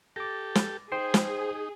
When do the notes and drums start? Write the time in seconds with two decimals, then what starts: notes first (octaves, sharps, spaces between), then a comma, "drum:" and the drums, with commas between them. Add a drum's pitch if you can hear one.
0.16 G4 A4 D6 A6 A#6
0.55 drum: snare
0.92 D#4 G#4 C5 G5 C7
1.14 drum: snare